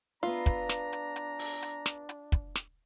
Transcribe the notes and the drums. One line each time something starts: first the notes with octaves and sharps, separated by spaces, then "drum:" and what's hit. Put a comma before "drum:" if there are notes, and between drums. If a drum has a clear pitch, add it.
B3 D4 F4 B4 E5 A#5
drum: kick, hi-hat
drum: snare
drum: hi-hat
drum: hi-hat
drum: open hi-hat
drum: hi-hat
drum: snare
drum: hi-hat
drum: kick, hi-hat
drum: snare